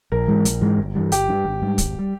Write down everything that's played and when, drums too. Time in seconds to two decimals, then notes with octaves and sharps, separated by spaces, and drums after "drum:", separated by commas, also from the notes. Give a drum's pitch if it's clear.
0.12 A#1 A#4
0.28 G#2 E3 G#3
0.45 A#1, drum: hi-hat
0.61 G#2 E3 G#3
0.78 G1
0.95 G2 E3 G3
1.12 G1 G4, drum: hi-hat
1.29 G2 E3 G3
1.45 G#1
1.62 G#2 G3
1.78 G#1, drum: kick, hi-hat
1.99 G3